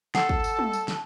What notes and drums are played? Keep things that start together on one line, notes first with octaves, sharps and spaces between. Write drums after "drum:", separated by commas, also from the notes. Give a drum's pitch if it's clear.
A4 F#5 A5, drum: snare
drum: kick
drum: tambourine
drum: tom
drum: tambourine
drum: snare